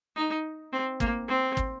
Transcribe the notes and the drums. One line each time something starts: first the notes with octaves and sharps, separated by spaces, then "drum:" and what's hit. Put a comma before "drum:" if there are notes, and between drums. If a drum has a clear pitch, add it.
D#4
C4
A#3, drum: kick
C4
drum: kick